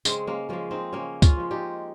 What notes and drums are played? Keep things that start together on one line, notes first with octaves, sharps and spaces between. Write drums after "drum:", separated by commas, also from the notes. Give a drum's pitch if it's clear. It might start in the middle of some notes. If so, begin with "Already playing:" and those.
C#3 G#3 C4, drum: tambourine
A#3 C#4
F3 G#3 A#3 C#4
C4 D#4
C#3 A#3 C#4
C#4 F4, drum: kick C#2, tambourine
F3 G#3
D#4 G4